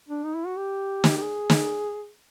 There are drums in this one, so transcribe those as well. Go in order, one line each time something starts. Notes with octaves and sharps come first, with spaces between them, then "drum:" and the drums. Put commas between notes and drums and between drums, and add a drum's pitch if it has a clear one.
D4
D#4
E4
F#4
G4
drum: snare
G4
G#4
drum: snare